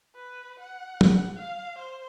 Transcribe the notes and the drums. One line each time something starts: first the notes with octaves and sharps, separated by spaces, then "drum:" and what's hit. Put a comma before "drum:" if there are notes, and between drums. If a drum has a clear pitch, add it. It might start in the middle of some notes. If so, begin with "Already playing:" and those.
B4
F#5
drum: tom F#3
F5
C5